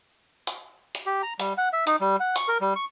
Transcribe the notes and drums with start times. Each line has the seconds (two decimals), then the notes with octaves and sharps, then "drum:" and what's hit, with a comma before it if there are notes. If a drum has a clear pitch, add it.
0.47 drum: hi-hat
0.95 drum: hi-hat
1.06 G4
1.23 A#5
1.40 G3, drum: hi-hat
1.58 F#5
1.73 E5
1.87 D#4, drum: hi-hat
2.01 G3
2.20 F#5
2.36 C#6, drum: hi-hat
2.48 A#4
2.61 G3
2.76 C#6